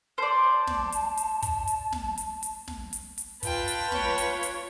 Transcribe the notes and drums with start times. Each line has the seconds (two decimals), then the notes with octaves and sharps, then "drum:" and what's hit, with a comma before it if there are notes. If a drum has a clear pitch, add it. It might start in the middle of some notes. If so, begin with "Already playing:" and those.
0.18 C5 D5 A5
0.67 drum: snare
0.92 drum: hi-hat
1.17 drum: hi-hat
1.42 drum: kick, hi-hat
1.67 drum: hi-hat
1.93 drum: snare
2.18 drum: hi-hat
2.43 drum: hi-hat
2.68 drum: snare
2.93 drum: hi-hat
3.18 drum: hi-hat
3.43 F4 B4 G5 A5, drum: kick, hi-hat
3.68 drum: hi-hat
3.92 C#5, drum: snare
4.18 drum: hi-hat
4.43 drum: hi-hat